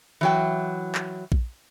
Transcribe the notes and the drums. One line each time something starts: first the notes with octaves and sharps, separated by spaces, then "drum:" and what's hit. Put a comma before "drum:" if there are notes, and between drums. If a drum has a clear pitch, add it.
E3 F#3 G5
drum: clap
drum: kick A#1